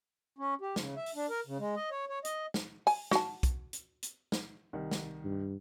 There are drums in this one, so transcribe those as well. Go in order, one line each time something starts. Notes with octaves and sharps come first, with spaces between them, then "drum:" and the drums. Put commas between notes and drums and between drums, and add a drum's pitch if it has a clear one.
C#4
G4
C#3, drum: snare
E5
drum: open hi-hat
D4
A#4
C#3
G#3
D#5
C#5
C#5
D#5, drum: hi-hat
drum: snare
G#5, drum: open hi-hat
F#4 A5, drum: snare
drum: kick B1, hi-hat
drum: hi-hat
drum: hi-hat
drum: snare
C2 D#3
drum: snare
G2